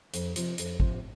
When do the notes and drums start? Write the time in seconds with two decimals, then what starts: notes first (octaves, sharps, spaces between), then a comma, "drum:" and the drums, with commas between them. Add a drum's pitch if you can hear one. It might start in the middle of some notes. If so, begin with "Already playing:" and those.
0.13 F2, drum: hi-hat
0.36 C3 F3, drum: hi-hat
0.58 F2, drum: hi-hat
0.80 C3 F3, drum: kick G#1